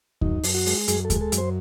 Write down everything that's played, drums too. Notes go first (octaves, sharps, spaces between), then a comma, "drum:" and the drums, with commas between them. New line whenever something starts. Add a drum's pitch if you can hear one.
F#2 D#4, drum: kick D2
F#2, drum: open hi-hat
F#4
G#3, drum: open hi-hat
F#2 G#4, drum: hi-hat
A4
G#3, drum: kick D2, hi-hat
A4
F#2, drum: hi-hat
C5